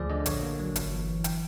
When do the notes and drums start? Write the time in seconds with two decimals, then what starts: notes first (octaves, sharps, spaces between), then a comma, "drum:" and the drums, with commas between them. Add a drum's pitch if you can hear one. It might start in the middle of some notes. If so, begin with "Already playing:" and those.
Already playing: D2 F3 G#4 D5
0.10 D3 D#5
0.26 A#1 C#5, drum: hi-hat
0.42 A#3
0.59 F#3
0.76 G1, drum: hi-hat
0.92 E3
1.09 E3
1.24 G5, drum: hi-hat